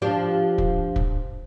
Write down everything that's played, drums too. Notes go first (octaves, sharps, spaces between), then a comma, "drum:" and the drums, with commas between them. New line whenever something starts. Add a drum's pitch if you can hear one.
F3 D4 G4
drum: kick
drum: kick